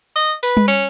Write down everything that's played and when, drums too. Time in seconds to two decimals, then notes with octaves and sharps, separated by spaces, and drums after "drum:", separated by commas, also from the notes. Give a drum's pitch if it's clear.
0.16 D#5
0.43 B4, drum: open hi-hat
0.57 drum: tom G3
0.68 C#4